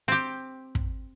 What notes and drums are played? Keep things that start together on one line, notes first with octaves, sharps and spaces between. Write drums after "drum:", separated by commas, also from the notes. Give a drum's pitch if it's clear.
C4 G4
drum: kick